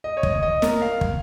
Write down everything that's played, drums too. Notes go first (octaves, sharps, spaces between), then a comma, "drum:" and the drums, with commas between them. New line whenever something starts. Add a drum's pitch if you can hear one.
D#5
C#5
D#5, drum: kick
D#5
A#4, drum: snare
F5
drum: kick